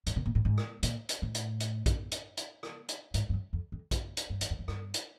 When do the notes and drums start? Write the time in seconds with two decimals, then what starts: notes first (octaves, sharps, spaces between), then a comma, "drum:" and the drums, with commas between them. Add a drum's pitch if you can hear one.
0.07 G2, drum: hi-hat
0.16 B2
0.26 A#2
0.35 A2
0.45 G#2
0.58 drum: rim click
0.83 A#2, drum: hi-hat
1.09 drum: hi-hat
1.22 A2
1.35 drum: hi-hat
1.60 drum: hi-hat
1.86 drum: kick A#1, hi-hat
2.12 drum: hi-hat
2.37 drum: hi-hat
2.63 drum: rim click
2.89 drum: hi-hat
3.14 G#2, drum: hi-hat
3.29 G2
3.33 F#2
3.53 F2
3.72 F2
3.91 drum: kick A#1, hi-hat
4.17 drum: hi-hat
4.30 G2
4.41 E2, drum: hi-hat
4.50 F2
4.59 F#2
4.68 G2, drum: rim click
4.94 drum: hi-hat